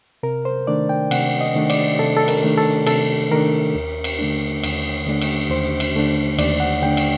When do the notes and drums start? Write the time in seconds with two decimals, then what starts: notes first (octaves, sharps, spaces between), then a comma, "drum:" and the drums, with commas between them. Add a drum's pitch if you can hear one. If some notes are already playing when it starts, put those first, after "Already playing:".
0.23 C3 A#4
0.45 C5
0.67 D#3 A3 D4 D5
0.89 G5
1.11 C3 F#5, drum: cymbal
1.41 D#5
1.55 D#3 A3 D4
1.70 D5, drum: cymbal
1.99 C3 A4
2.17 A4
2.28 A#4, drum: cymbal
2.43 D#3 A3 D4
2.58 A4
2.86 C3 A4, drum: cymbal
3.31 D#3 A3 D4 A#4
3.75 D#2
4.04 drum: cymbal
4.19 D3 A3 D4
4.63 D#2, drum: cymbal
5.06 D3 A3 D4
5.21 drum: cymbal
5.50 D#2 C5
5.80 drum: cymbal
5.95 D3 A3 D4
6.38 D#2 D5, drum: cymbal
6.60 F#5
6.82 D3 A3 D4 G5
6.97 drum: cymbal